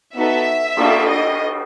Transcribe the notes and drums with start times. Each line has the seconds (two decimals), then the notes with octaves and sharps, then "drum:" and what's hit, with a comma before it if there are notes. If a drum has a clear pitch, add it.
0.16 B3 D#4 F#4 A4 E5
0.77 A#3 D4 F4 A4, drum: cymbal
1.08 D#5